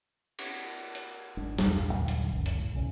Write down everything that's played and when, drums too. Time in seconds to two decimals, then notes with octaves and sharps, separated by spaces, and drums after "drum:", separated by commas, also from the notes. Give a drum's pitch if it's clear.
0.39 drum: cymbal
0.95 drum: hi-hat
1.37 G#1 G#3 D4
1.58 A#1 E2 G2, drum: snare
1.93 D#2 A#2 D3 F#3
2.08 drum: hi-hat
2.32 F1 C#2 F#2 D#3
2.46 drum: hi-hat
2.56 A2
2.72 B1 E2 C#3